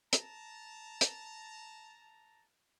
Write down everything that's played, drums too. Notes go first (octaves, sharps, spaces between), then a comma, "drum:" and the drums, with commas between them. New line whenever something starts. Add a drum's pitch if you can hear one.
A5 A#5, drum: hi-hat
drum: hi-hat